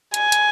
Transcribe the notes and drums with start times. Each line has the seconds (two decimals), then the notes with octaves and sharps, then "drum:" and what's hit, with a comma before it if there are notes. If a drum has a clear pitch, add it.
0.14 G#5, drum: hi-hat
0.32 drum: hi-hat